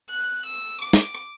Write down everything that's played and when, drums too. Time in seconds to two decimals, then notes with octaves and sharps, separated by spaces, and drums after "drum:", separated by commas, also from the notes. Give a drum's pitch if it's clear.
0.11 F#6
0.47 E6
0.82 D6
0.93 drum: snare